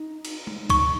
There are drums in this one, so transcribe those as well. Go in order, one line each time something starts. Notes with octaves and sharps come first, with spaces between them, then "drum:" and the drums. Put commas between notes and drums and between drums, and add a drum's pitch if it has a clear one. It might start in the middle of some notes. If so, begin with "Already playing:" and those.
Already playing: D#4
drum: cymbal
drum: tom G#3
D#4 C#6, drum: kick C2, cymbal